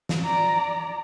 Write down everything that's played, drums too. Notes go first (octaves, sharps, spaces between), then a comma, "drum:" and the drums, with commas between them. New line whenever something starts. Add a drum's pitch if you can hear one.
drum: snare
D5 A#5